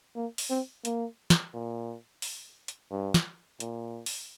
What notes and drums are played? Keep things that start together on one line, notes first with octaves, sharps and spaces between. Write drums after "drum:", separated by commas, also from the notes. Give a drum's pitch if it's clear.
A#3
drum: open hi-hat
C4
A#3, drum: hi-hat
drum: snare
A#2
drum: open hi-hat
drum: hi-hat
G2
drum: snare
A#2, drum: hi-hat
drum: open hi-hat